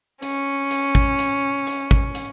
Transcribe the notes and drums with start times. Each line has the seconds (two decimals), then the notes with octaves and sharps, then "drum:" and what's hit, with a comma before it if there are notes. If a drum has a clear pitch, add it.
0.22 C#4, drum: hi-hat
0.71 drum: hi-hat
0.95 drum: kick G#1
1.19 drum: hi-hat
1.67 drum: hi-hat
1.91 drum: kick G#1
2.15 drum: hi-hat